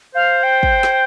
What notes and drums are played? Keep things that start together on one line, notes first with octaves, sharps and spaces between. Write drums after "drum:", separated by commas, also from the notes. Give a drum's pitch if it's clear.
C5 F5
G5
drum: kick
drum: snare